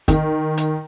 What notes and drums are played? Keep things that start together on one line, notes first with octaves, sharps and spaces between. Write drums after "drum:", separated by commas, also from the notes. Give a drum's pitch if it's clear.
D#3, drum: kick, hi-hat
drum: hi-hat